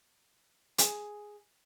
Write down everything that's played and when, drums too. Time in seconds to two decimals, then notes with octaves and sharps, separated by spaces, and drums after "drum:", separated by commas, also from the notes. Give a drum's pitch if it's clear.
0.78 G#4 G#5, drum: hi-hat